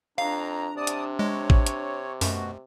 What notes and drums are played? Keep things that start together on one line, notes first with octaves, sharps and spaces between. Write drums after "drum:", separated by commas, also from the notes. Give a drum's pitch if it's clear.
F2 D4 F5 A#5
C3 D5 A5 D#6
drum: hi-hat
G#3 C#5
drum: kick
drum: hi-hat
F#2 B2 A3 F#4, drum: open hi-hat